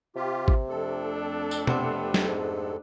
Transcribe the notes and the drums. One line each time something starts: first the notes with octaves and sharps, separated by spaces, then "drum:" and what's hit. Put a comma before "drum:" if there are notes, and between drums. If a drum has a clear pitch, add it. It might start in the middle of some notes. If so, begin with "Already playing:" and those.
C3 F4 G4
drum: kick G#1
F2 A3 D4 A4
drum: tambourine
C3 B3 G4 C5, drum: tom
drum: snare
G#2